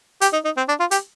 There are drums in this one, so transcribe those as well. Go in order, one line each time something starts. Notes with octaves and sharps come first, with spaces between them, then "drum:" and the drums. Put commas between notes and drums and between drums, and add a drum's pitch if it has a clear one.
G4, drum: hi-hat
D#4
D#4
C4
D4
F4
G4, drum: hi-hat